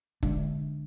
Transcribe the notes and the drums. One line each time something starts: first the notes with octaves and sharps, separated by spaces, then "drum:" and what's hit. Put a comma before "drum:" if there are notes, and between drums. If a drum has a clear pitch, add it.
D3 G#3 D4, drum: kick